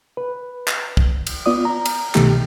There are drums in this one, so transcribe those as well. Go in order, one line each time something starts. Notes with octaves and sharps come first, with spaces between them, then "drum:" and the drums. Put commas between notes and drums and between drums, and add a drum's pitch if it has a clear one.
B4
drum: clap
drum: kick
drum: cymbal
B3 F4 D5 D#6
A#5
drum: cymbal
C2 B2 D#3 A3 G4, drum: clap